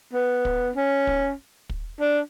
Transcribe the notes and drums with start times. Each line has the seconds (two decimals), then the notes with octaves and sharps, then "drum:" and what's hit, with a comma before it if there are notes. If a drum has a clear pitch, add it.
0.14 B3
0.45 drum: kick
0.76 C#4
1.07 drum: kick
1.69 drum: kick
2.01 D4